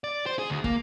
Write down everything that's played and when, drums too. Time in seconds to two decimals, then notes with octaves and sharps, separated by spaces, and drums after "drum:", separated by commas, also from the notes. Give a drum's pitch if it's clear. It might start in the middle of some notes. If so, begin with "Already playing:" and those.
0.04 D5
0.26 C5
0.39 G#4
0.50 D2
0.64 A#3, drum: kick